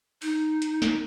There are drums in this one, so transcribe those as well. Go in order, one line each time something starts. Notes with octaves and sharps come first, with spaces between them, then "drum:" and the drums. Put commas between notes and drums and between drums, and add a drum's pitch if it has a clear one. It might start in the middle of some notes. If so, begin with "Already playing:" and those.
D#4, drum: open hi-hat
drum: hi-hat
drum: snare